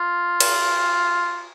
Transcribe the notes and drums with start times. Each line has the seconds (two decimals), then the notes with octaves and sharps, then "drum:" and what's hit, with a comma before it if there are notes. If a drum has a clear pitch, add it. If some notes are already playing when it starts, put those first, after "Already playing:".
Already playing: F4
0.40 drum: cymbal